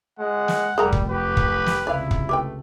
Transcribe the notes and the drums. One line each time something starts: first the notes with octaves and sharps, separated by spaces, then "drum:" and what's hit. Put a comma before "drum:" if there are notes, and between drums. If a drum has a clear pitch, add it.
G#3 F#5
drum: snare
F1 G3 G#4 A#4 A#5
drum: kick
G4 B4
drum: kick
drum: snare
C#2 C3 E4 D5 F5
drum: kick
A3 G4 B4 G5